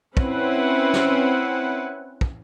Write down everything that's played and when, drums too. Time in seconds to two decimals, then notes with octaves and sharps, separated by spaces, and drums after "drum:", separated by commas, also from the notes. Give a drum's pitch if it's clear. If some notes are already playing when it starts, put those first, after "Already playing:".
0.17 C4 C#4 E4 B4 F#5, drum: kick
0.93 drum: snare
2.21 drum: kick